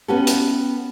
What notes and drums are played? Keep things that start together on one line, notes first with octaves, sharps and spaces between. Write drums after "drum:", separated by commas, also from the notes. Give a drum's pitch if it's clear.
B3 C#4 F#4 G4 A4
drum: hi-hat